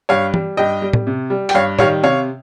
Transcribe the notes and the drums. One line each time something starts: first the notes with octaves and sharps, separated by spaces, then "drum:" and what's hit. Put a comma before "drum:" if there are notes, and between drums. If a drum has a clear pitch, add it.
G2 C#5 F5
G3, drum: tom E3
G2 D#5 G5
G3
drum: tom
C3
G3
G5, drum: hi-hat
G2 C#5 F5
D#3 G3 C#5 F5, drum: tom A2
C3 C#5 F5